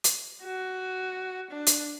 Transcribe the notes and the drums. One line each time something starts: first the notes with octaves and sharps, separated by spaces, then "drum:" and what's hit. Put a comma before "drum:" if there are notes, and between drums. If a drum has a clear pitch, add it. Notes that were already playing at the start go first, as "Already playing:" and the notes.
drum: hi-hat
F#4
D4
drum: hi-hat